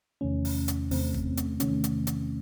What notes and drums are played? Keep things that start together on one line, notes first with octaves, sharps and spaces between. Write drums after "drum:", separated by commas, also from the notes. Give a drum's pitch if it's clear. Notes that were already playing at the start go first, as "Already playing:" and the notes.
E2 C3 D#3 A3 C#4
drum: open hi-hat
drum: hi-hat
E2 C3 D#3 A3 C4, drum: open hi-hat
drum: kick
drum: hi-hat
E2 C3 D#3 A3 C#4, drum: hi-hat
drum: hi-hat
drum: hi-hat